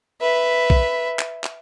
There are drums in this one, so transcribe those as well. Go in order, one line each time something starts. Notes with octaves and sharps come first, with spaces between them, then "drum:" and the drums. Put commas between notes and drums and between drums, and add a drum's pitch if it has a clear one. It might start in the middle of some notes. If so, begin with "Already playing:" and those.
B4 E5
drum: kick B1
drum: clap
drum: clap